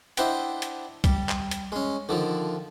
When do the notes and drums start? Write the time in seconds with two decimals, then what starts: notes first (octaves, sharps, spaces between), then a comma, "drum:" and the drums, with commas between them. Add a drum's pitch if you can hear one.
0.17 D4 E4 C5 D#5 F#5 G5, drum: hi-hat
0.62 drum: hi-hat
1.04 G3, drum: kick, hi-hat
1.29 drum: clap
1.51 drum: hi-hat
1.72 G#3 C#4
2.09 D3 D#3 F3